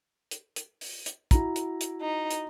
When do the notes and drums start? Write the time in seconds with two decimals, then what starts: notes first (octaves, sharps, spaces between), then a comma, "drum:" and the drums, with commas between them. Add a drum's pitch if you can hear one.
0.31 drum: hi-hat
0.56 drum: hi-hat
0.81 drum: open hi-hat
1.06 drum: hi-hat
1.31 E4 F#4 A#5, drum: kick, hi-hat
1.56 drum: hi-hat
1.81 drum: hi-hat
2.01 D#4
2.31 drum: hi-hat